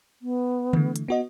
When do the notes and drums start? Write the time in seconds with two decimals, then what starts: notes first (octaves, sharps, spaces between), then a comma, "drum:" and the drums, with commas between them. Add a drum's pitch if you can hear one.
0.22 B3
0.73 D3 E3 A3, drum: tom D3
0.96 drum: hi-hat
1.08 B3 F#4 D#5